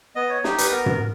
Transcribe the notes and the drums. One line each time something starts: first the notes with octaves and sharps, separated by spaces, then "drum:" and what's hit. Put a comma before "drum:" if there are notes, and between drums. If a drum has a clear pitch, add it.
B3 D#5
C#5
D#4 G4, drum: snare
B4, drum: hi-hat
B3 A#4
drum: tom